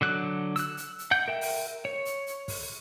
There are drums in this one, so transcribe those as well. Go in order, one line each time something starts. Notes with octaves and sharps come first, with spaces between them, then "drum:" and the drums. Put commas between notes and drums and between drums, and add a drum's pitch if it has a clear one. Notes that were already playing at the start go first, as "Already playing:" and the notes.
D3 F#3 F#6
E6 F#6, drum: hi-hat
drum: hi-hat
drum: hi-hat
F#5 G6
A#4 E5 G5
drum: open hi-hat
C#5
drum: hi-hat
drum: hi-hat
drum: kick, open hi-hat